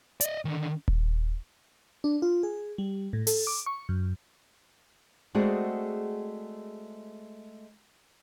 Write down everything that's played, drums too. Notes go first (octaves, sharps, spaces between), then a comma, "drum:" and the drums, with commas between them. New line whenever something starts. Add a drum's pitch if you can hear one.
D5 D#5, drum: hi-hat
D3 D#3
drum: kick D#1
D4
F4
G#4
G3
A2
A4, drum: open hi-hat
D6
C#6
F#2
G#3 A3 C4 F#4 G#4 D5